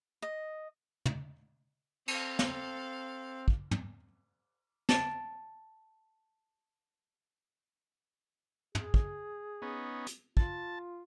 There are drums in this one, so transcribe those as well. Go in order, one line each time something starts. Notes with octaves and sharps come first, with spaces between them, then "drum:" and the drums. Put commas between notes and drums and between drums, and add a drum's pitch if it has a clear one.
D#5
drum: tom
C4 A4 F5, drum: cymbal
drum: snare
drum: kick
drum: tom
A5 A6 D7, drum: snare
G#4, drum: tom
drum: kick
B3 C#4 D#4
drum: hi-hat
F4 A5, drum: kick